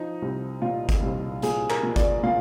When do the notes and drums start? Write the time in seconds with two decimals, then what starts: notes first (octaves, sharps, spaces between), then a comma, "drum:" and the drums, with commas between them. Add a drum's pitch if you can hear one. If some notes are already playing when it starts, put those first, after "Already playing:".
Already playing: F3 D#4
0.22 C2
0.62 A#2 F4
0.89 drum: kick G1, hi-hat
1.02 C2
1.42 A#2 G#4, drum: hi-hat
1.70 A#4, drum: clap
1.83 A#2
1.96 D5, drum: kick G1, hi-hat
2.23 A#2 F5